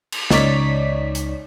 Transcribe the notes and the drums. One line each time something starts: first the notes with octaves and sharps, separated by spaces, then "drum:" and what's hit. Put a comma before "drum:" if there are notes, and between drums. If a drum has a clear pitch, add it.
drum: cymbal
C#2 D#4 C#5 D5 B6, drum: snare
drum: hi-hat